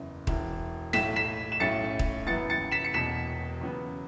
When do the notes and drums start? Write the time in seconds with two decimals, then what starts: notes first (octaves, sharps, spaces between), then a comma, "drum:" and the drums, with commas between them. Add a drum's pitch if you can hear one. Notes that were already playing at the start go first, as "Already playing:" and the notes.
Already playing: F#1 E2 C#3 E3
0.27 E1 E2 E3, drum: kick D#1
0.93 B1 A2 A3 B6 E7, drum: snare
1.16 B6 E7
1.52 E7
1.60 B1 A2 A3 C#4 A6 C#7
1.99 drum: kick D#1
2.27 F#2 E3 B3 A6 C#7
2.50 A6 C#7
2.72 B6 E7
2.85 C#7
2.94 E1 E2 B2 B6 E7
3.61 E2 C#3 F#3 B3